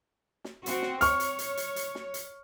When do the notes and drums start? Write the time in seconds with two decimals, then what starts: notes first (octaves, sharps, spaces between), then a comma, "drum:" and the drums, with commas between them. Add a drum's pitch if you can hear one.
0.44 drum: snare
0.66 C4 F#4, drum: hi-hat
0.82 drum: snare
1.01 C#5 C#6 F6, drum: hi-hat
1.20 drum: hi-hat
1.39 drum: hi-hat
1.57 drum: hi-hat
1.76 drum: hi-hat
1.95 drum: snare
2.14 drum: hi-hat